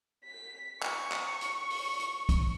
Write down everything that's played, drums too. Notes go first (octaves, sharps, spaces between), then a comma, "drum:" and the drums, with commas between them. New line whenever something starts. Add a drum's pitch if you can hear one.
B6
C#6, drum: clap
drum: clap
drum: hi-hat
drum: open hi-hat
drum: hi-hat
drum: kick, hi-hat